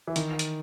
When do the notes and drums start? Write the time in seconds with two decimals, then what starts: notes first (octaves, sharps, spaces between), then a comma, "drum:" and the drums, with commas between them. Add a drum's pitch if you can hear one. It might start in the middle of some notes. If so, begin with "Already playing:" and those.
0.08 E3
0.16 D#3, drum: hi-hat
0.39 drum: hi-hat